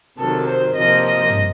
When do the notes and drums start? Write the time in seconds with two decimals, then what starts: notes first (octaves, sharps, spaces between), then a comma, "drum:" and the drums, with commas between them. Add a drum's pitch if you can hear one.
0.17 C3 D#3 F#3 A4
0.47 C5
0.76 C3 F3 A#3 D#5
1.05 D#5
1.30 drum: tom